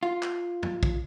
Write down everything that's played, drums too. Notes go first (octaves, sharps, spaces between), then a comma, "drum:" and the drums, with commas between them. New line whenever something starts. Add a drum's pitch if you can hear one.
F4
drum: clap
drum: tom
drum: kick